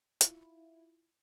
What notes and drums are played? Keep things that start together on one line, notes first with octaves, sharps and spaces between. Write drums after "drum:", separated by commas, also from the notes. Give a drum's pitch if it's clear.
E4 F4, drum: hi-hat